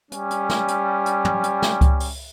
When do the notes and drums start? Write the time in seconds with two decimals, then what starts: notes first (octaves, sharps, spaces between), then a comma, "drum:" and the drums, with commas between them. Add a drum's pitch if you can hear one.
0.12 G3 C#4, drum: hi-hat
0.31 drum: hi-hat
0.49 drum: snare
0.68 drum: hi-hat
1.06 drum: hi-hat
1.25 drum: tom
1.44 drum: hi-hat
1.62 drum: snare
1.81 drum: kick C#2, hi-hat
2.00 drum: open hi-hat